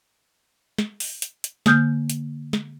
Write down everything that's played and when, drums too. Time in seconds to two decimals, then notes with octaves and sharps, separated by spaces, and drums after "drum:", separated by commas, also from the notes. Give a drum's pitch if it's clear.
0.78 drum: snare
1.00 drum: open hi-hat
1.22 drum: hi-hat
1.44 drum: hi-hat
1.66 D3 A#3 D#6 F6 G6, drum: snare
2.10 drum: hi-hat
2.53 drum: snare